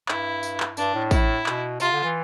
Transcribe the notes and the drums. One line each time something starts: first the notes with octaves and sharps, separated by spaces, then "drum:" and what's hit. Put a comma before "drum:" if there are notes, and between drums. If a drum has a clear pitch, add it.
G2 E4, drum: clap
drum: tambourine
drum: clap
G2 D4, drum: tambourine
A2
E4, drum: kick, tambourine
B2, drum: clap
C3 F4, drum: tambourine
D3
E3